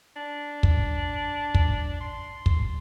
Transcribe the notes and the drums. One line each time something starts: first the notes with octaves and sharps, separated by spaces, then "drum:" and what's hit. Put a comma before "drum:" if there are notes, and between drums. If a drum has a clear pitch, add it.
D4
drum: kick
drum: kick
C6
drum: kick